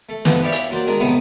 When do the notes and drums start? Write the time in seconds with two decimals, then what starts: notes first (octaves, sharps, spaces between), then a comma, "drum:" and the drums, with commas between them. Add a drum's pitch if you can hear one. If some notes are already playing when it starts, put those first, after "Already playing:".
0.09 A3
0.25 G2 E3 F3 B3, drum: snare
0.42 E4 G4 C#5 D5 E5 F5
0.52 drum: hi-hat
0.70 F#3 A#3 C5 D5
0.86 D#3 G#3 D4 A#4
1.00 D#2 A2 C3 D#3 E3 B3